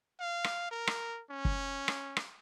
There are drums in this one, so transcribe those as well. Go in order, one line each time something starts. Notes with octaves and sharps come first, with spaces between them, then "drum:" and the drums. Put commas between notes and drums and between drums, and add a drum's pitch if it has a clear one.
F5
drum: rim click
A#4
drum: rim click
C#4
drum: kick
drum: rim click
drum: rim click